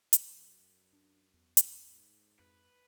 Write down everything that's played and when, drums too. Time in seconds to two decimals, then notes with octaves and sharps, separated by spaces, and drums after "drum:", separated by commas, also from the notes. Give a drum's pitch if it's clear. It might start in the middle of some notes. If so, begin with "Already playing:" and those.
0.13 drum: hi-hat
0.28 F#2
0.93 D4
1.34 E2
1.57 drum: hi-hat
1.89 G#2
2.39 F2 B4